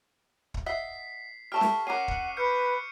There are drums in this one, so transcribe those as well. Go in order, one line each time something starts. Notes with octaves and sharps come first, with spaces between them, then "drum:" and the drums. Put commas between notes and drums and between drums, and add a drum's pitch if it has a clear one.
drum: kick
D#5 E5 F#5 B6 C7
G4 A4 E5 C#6 F6
drum: snare
C#4 A#4 F#5 D6 C7 D#7
drum: kick
B4 F6 G6 C#7